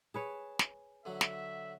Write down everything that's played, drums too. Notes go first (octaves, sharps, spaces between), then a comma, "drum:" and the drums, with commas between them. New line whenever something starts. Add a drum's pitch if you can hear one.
G#4 B4 C#5 A5
drum: snare
D3 F#3 E5
drum: snare